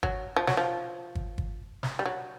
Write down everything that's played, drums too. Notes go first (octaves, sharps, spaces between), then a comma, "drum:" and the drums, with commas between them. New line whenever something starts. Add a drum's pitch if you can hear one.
F#3, drum: kick
F3
F#3, drum: snare
F3
drum: kick
drum: kick
drum: snare
G3
F#3